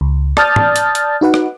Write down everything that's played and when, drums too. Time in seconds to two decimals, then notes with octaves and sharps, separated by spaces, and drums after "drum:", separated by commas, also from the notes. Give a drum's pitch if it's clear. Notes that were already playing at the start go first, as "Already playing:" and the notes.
0.01 C#2
0.37 D5 A5 D#6 F6 G6 A6, drum: rim click
0.56 drum: tom
0.76 drum: hi-hat
0.95 drum: hi-hat
1.21 D#4 F#4 B4 F#5
1.34 drum: rim click